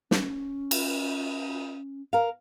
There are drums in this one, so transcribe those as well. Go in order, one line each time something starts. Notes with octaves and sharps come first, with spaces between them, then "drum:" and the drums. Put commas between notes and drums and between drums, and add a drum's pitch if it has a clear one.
C#4, drum: snare
drum: cymbal
A#4 F5